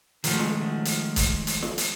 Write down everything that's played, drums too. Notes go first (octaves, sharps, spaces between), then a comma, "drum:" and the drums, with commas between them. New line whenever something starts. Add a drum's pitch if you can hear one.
D#3 F3 G#3 A3 F#4, drum: hi-hat
drum: snare
drum: hi-hat
drum: kick C#1, hi-hat
drum: hi-hat
drum: snare
drum: hi-hat